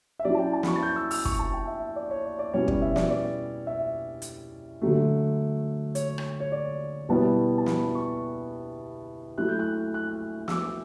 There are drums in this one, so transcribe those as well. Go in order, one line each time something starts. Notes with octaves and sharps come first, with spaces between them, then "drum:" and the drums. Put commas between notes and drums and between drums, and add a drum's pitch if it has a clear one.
E5
F#3 C#4 E4 D5
A5
G5
A5
B5, drum: snare
C#6
A6
G6
E6
E6, drum: open hi-hat
C#6, drum: kick
A5
G5
E5
D5
C#5
D5
D5
B2 G3 C#4 E4 C#5
D5, drum: kick
E5
D5, drum: snare
D5
E5
drum: hi-hat
D3 F#3 A3
C#5, drum: hi-hat
drum: rim click
C#5
D5
B2 G3 B3 E4 A5
A5
B5, drum: snare
C#6
F#3 A3 E4 F#6
G6
F#6
F#6
E6, drum: snare
D6